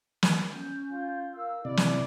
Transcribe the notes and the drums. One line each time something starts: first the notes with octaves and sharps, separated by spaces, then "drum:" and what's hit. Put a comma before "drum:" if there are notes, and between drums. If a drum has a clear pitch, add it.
drum: snare
C#4 G6
F4
A#4 F5 E6
C3 E4 D5
drum: snare